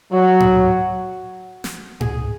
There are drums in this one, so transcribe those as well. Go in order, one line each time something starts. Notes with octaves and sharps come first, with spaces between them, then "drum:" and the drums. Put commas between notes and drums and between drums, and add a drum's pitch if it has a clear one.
F#3 F#4
drum: tom G#2
drum: snare
G#4, drum: tom G#2